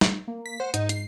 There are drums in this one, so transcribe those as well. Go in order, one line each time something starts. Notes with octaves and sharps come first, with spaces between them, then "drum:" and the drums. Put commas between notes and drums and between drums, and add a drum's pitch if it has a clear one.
drum: snare
A#3
B6
C5 F#5
G#2 D#4, drum: hi-hat
C7, drum: hi-hat